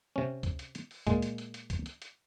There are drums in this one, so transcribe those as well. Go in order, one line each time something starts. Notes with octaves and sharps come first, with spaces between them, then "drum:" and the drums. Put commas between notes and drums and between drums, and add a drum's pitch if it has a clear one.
C3 C#4
drum: kick, hi-hat
drum: hi-hat
drum: hi-hat
drum: open hi-hat
A#2 G#3, drum: kick, hi-hat
drum: hi-hat
drum: hi-hat
drum: hi-hat
drum: kick, hi-hat
drum: hi-hat
drum: hi-hat